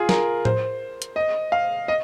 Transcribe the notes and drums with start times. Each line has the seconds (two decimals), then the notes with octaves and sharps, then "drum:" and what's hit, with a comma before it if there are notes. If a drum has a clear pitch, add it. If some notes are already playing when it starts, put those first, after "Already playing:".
Already playing: F4 G#4
0.09 A#4, drum: snare
0.45 C5, drum: tom A2
1.02 drum: hi-hat
1.16 D#5
1.52 F5
1.88 D#5